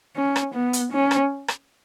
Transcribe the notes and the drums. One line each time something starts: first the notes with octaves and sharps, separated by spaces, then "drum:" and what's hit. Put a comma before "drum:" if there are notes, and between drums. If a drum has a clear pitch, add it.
C#4
drum: rim click
B3
drum: hi-hat
C#4
drum: rim click
drum: rim click